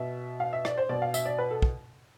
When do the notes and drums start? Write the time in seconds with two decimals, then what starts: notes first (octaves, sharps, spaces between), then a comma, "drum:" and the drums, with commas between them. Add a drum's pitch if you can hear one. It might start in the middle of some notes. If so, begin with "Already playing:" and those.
Already playing: B2 E5
0.40 F5
0.53 E5
0.65 D5, drum: rim click
0.78 C5
0.89 B2 D5
1.02 F5
1.14 E5, drum: tambourine
1.25 D5
1.38 B4
1.51 A4
1.62 drum: kick